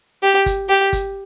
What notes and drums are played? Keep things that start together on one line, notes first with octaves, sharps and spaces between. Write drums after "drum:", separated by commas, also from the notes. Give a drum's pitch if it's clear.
G4
drum: kick G1, hi-hat
G4
drum: kick G1, hi-hat